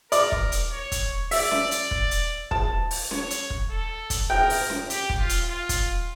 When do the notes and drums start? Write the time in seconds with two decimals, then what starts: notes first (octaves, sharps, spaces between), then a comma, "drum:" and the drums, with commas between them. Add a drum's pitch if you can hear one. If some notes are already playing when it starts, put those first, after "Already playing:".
0.12 A#4 D5, drum: hi-hat
0.32 drum: kick
0.52 drum: hi-hat
0.72 C#5
0.92 drum: kick, hi-hat
1.31 D5 E5, drum: open hi-hat
1.51 drum: snare C#4
1.71 drum: hi-hat
1.91 drum: kick
2.11 drum: hi-hat
2.51 A5, drum: kick
2.91 drum: open hi-hat
3.11 C#5, drum: snare C#4
3.30 drum: hi-hat
3.50 drum: kick
3.70 A4
4.10 drum: kick, hi-hat
4.30 A#4 G5
4.50 drum: open hi-hat
4.70 drum: snare C#4
4.90 G4, drum: hi-hat
5.09 drum: kick
5.19 F4
5.29 drum: hi-hat
5.49 F4
5.69 drum: kick, hi-hat